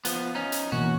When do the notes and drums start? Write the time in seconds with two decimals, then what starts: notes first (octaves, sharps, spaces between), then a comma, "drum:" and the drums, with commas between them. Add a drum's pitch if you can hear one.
0.05 F3 B3, drum: hi-hat
0.35 C#4 D#4
0.52 drum: hi-hat
0.72 B2 E3 A#3 F#4